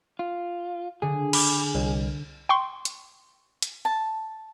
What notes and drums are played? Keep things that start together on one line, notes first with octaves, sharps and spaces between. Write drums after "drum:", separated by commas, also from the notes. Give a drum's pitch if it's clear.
F4
D3 G#4
B5 D6, drum: cymbal
C2
G5 C6 C#6
drum: hi-hat
drum: hi-hat
A5